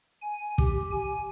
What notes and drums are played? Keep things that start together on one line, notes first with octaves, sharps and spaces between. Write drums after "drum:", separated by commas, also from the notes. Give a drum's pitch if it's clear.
G#5
G4, drum: kick
G#5